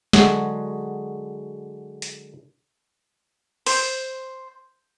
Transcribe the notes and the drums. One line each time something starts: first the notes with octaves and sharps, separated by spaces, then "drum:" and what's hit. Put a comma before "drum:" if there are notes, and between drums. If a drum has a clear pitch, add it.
D3 F#3 G#3 F#4 G#4, drum: snare
drum: hi-hat
C5, drum: open hi-hat